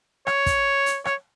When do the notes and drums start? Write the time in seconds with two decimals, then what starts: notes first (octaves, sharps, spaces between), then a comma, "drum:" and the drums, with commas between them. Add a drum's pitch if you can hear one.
0.27 C#5, drum: rim click
0.46 drum: kick, hi-hat
0.86 drum: hi-hat
1.05 C#5, drum: rim click